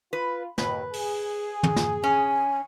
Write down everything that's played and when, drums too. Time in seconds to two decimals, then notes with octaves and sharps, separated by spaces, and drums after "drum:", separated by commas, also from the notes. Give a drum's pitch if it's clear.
0.13 F4 B4
0.58 D#2 B4, drum: snare
0.93 G#4, drum: open hi-hat
1.63 drum: tom
1.76 drum: snare
2.04 C#4 G#5